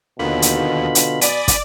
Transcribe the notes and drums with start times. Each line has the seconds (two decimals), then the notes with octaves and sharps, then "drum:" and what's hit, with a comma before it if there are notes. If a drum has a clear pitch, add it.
0.19 D#2 B2 D3 F4 B5
0.42 drum: hi-hat
0.95 drum: hi-hat
1.21 D5 G#5 B5 D#6, drum: hi-hat
1.48 drum: kick, hi-hat